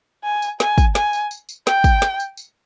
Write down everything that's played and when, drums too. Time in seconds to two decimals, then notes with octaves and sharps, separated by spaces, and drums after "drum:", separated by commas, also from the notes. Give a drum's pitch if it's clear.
0.24 G#5
0.42 drum: tambourine
0.60 G#5, drum: snare
0.78 drum: kick, tambourine
0.95 G#5, drum: snare
1.13 drum: tambourine
1.31 drum: tambourine
1.49 drum: tambourine
1.67 G5, drum: snare
1.84 drum: kick, tambourine
2.02 drum: snare
2.20 drum: tambourine
2.37 drum: tambourine